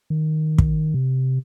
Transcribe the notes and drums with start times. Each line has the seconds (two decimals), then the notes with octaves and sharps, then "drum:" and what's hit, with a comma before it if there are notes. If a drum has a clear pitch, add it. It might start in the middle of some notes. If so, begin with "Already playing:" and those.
0.10 D#3
0.58 drum: kick
0.94 C3